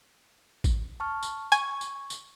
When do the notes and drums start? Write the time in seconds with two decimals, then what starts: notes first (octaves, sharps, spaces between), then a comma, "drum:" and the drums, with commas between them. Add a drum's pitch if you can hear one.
0.64 drum: kick A1, tambourine
1.00 A5 C#6 F6
1.23 drum: tambourine
1.52 G#5 C#6, drum: tambourine
1.81 drum: tambourine
2.10 drum: tambourine